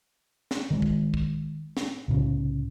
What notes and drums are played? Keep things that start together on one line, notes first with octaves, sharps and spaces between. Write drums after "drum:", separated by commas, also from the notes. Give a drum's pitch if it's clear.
drum: snare
D#3 G#3
drum: kick
drum: kick
drum: snare
C2 A2 C#3